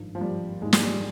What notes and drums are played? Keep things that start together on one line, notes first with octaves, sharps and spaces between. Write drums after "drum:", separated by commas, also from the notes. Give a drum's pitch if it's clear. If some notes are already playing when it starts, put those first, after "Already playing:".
Already playing: G#1 G2 F3
F3
G3
G#1 G#2 F3 G#3
G#3, drum: snare
G3